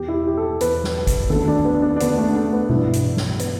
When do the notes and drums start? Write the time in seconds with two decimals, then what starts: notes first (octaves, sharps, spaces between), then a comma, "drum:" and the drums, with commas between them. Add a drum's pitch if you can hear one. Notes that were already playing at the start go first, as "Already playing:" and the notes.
Already playing: E2 B2 G4
0.08 E4
0.13 G4
0.27 G4
0.37 A4
0.61 E2 B2 B4, drum: hi-hat
0.84 drum: snare
1.07 drum: kick G#1, hi-hat
1.30 D2 D3 A4, drum: tom D#3
1.48 D4
1.65 B3
1.82 D4
1.96 D4
2.00 D2 D3 B3, drum: hi-hat
2.18 A3
2.36 A3
2.53 B3
2.70 G2 E3 E4, drum: tom B2
2.93 drum: hi-hat
3.17 drum: snare
3.39 B3, drum: hi-hat